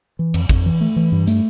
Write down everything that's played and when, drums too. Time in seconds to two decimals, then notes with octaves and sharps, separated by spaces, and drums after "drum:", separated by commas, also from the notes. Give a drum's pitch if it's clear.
0.19 E3
0.34 F2, drum: cymbal
0.49 F2, drum: kick
0.66 E3
0.81 A3
0.96 E3
1.12 G2
1.27 A3, drum: hi-hat